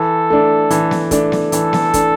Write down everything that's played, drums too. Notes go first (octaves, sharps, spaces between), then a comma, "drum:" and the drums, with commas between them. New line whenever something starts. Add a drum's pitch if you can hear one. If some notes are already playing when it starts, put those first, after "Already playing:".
Already playing: E3 A4
A3 D4
E3, drum: hi-hat
drum: snare B3
A3 D4, drum: kick, hi-hat
drum: snare B3
E3 A4, drum: hi-hat
drum: snare B3
A3 D4, drum: kick, hi-hat